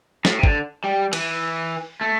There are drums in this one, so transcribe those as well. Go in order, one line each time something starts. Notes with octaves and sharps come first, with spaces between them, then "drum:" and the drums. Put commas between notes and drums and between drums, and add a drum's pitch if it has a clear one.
A2, drum: snare
C3
D3, drum: kick
G3
E3, drum: cymbal
A3